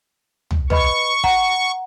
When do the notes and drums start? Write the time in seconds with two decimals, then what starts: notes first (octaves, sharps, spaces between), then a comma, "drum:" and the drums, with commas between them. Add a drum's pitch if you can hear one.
0.51 drum: tom
0.70 B4 D#5 B5 C#6, drum: tom
1.24 F#5 A#5, drum: kick